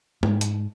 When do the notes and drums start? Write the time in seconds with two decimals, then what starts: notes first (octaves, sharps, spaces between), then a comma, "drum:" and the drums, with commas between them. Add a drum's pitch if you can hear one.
0.23 G#2, drum: tom G#3
0.41 drum: hi-hat